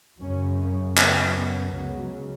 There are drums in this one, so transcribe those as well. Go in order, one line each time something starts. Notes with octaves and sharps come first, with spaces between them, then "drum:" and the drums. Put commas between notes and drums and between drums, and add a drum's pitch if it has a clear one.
F#2 C#3 C#4
C#4
F#2 C#3 B3, drum: clap
B3
C#2 C#3 F#3